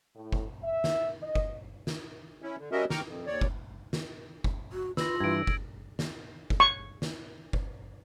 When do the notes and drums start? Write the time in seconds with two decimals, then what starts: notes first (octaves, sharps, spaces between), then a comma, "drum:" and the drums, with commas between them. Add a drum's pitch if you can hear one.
0.15 A2
0.32 drum: kick
0.63 E5
0.84 drum: snare
1.22 D#5
1.35 drum: kick
1.87 drum: snare
2.42 C#4 E4
2.59 D3
2.72 G3 C#4 F#4 A#4 D#5 E5
2.90 G5 A#5 C#6 D6 F6, drum: snare
3.07 F2
3.27 D#2 C#5 D5
3.41 drum: kick
3.93 drum: snare
4.44 drum: kick
4.73 F#4
4.97 F4 B4 E6 A#6, drum: snare
5.20 G2 E3 G#6 D7
5.47 drum: kick
5.99 drum: snare
6.50 drum: kick
6.60 C#6
7.02 drum: snare
7.53 drum: kick